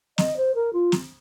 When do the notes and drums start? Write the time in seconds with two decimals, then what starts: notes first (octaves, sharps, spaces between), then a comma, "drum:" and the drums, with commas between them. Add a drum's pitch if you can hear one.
0.18 D#5, drum: snare
0.37 C5
0.55 A#4
0.73 F4
0.92 drum: snare